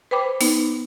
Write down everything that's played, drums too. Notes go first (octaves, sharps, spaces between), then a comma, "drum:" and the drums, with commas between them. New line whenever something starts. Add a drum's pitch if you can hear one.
B4 C5 G5 B5 D6
B3 D#4, drum: open hi-hat